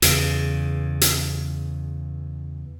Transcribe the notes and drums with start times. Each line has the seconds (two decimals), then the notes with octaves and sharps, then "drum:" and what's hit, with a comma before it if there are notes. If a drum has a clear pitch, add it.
0.02 E2 C#3, drum: hi-hat
1.01 drum: hi-hat